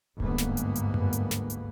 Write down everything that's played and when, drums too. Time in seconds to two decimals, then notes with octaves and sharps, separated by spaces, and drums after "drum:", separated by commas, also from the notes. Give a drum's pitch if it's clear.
0.20 G1 D2 G#2 A#3 B3, drum: kick D1
0.38 drum: snare
0.57 drum: hi-hat
0.76 drum: hi-hat
0.94 drum: tom F#2
1.13 drum: hi-hat
1.31 drum: snare
1.50 drum: hi-hat